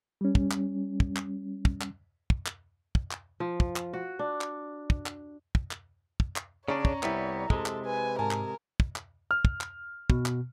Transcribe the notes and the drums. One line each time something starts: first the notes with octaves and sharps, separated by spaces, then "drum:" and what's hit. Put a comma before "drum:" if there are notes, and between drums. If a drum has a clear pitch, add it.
G3 C#4
drum: kick
drum: clap
drum: kick
drum: clap
drum: kick
drum: clap
drum: kick
drum: clap
drum: kick
drum: clap
F3
drum: kick
drum: clap
F#4
D4
drum: clap
drum: kick
drum: clap
drum: kick
drum: clap
drum: kick
drum: clap
C#3 C#4 D4 C#5 D5 A#5
drum: kick
C2 G3 B3 E4, drum: clap
C3 G#3 A4, drum: kick
drum: clap
B4 G#5
G#2 A#4 G#5 A5
drum: clap
drum: kick
drum: clap
F6
drum: kick
drum: clap
B2, drum: kick
drum: clap